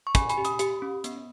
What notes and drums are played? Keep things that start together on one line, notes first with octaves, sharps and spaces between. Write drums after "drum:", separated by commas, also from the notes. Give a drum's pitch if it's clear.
C#6
C#4 G#5 B5, drum: kick, hi-hat
G#5 B5, drum: hi-hat
G4
B5 D#6, drum: hi-hat
G4, drum: hi-hat
C#4
B3, drum: hi-hat